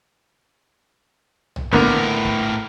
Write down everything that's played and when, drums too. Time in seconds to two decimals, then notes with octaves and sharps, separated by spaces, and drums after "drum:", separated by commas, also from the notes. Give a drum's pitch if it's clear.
1.56 drum: tom B1
1.73 A2 D3 A#3 B3 A#4, drum: kick
2.25 drum: kick